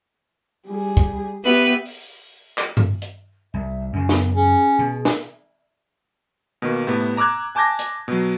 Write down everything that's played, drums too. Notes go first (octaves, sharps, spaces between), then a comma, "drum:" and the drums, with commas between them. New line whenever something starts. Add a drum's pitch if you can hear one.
G3 G#4
drum: kick
B3 G4 B4 E5
drum: open hi-hat
drum: clap
drum: tom G2
drum: hi-hat
C2 E5
F#2 C#3 C#4
B3, drum: snare
C#4 G#4
B2
drum: snare
B2 D#3 A#3
A2 C3 B3
A#5 D6 E6 F#6 G#6
G#5 A5 D6 G6 G#6 A#6
drum: hi-hat
B2 F#3